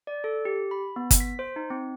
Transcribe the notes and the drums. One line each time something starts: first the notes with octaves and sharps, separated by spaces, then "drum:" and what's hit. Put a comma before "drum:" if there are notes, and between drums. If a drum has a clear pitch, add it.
D5
A4
G4
B5
B3
drum: kick G1, hi-hat
B6
C5
D#4
C4